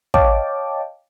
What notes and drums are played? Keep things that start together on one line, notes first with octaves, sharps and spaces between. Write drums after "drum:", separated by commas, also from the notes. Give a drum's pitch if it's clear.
C#5 D#5 F5 G5 A5 D6, drum: kick